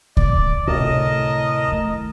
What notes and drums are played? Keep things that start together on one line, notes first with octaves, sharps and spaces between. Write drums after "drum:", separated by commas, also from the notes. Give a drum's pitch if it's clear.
D5, drum: kick C#2
D2 A2 C3 A#4 D#5 A5
D#3 A3